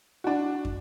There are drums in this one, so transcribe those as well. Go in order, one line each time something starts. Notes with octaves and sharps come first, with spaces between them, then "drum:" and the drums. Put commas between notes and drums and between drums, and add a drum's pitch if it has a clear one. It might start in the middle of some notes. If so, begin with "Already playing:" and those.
D4 F#4
drum: kick